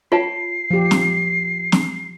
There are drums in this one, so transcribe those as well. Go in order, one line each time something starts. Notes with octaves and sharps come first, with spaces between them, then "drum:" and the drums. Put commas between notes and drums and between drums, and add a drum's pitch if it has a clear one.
F4 C#5 G5 A5 C7
F3 G4
drum: snare
drum: snare